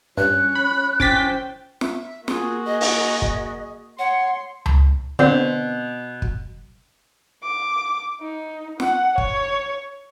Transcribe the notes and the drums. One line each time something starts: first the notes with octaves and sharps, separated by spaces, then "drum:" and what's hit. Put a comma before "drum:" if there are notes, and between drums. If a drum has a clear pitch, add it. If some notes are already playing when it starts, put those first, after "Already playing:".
G2 C#4 C#5 F#6
B5
C#4 C5 G5 D6 A6 B6, drum: kick
E5, drum: snare
A#3 F4 F#4 G#4, drum: snare
G#4 D#5
drum: open hi-hat
drum: kick
C#5 F#5 C6
drum: tom C#2
B2 D3 C4 C5
drum: kick
D6
D#4
F#5, drum: snare
C#5, drum: kick